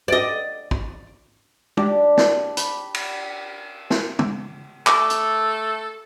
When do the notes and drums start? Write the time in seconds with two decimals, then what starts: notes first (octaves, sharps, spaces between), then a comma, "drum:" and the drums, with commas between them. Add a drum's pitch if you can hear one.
0.08 D5 D#5
0.71 drum: kick
1.77 D4 G4, drum: tom
2.17 drum: snare
2.57 B5, drum: hi-hat
2.94 drum: cymbal
3.90 drum: snare
4.19 drum: tom
4.87 A3 A4 D6, drum: clap
5.10 drum: hi-hat